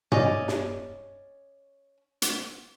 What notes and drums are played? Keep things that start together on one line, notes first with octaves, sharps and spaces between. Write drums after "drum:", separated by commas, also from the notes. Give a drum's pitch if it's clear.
C#4 D5 D#5, drum: tom
drum: snare
drum: hi-hat